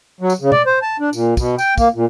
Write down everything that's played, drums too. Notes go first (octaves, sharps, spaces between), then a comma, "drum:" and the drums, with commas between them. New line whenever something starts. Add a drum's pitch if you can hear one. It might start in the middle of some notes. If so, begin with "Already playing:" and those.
F#3
drum: tambourine
C#3
D5, drum: tom B2
C5
A5
D4
A#2, drum: tambourine
B2, drum: kick, tambourine
G5, drum: tambourine
A#3, drum: kick, tambourine
A#2